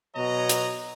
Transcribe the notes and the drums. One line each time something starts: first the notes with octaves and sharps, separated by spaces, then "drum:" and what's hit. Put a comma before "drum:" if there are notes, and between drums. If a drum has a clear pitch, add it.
B2 F#3 C#5 D#5 A#5
drum: hi-hat